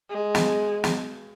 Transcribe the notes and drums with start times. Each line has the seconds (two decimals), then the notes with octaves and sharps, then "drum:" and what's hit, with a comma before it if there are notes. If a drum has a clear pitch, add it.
0.10 G#3
0.35 drum: snare
0.84 drum: snare